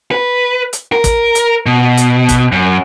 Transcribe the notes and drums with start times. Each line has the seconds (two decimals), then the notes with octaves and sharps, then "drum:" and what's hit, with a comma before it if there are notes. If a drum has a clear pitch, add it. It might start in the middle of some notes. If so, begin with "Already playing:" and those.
0.11 B4
0.73 drum: hi-hat
0.92 A#4
1.04 drum: kick, hi-hat
1.35 drum: hi-hat
1.66 B2
1.98 drum: hi-hat
2.29 drum: kick, hi-hat
2.52 F#2